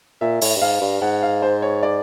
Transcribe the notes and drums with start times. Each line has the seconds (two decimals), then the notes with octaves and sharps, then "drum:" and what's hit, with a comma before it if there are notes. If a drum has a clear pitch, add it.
0.21 A#2 E5
0.41 A2, drum: open hi-hat
0.56 G2
0.62 G#2 F5
0.81 G2
1.02 G#2 F#5
1.23 F5
1.42 C5
1.62 C#5
1.83 D5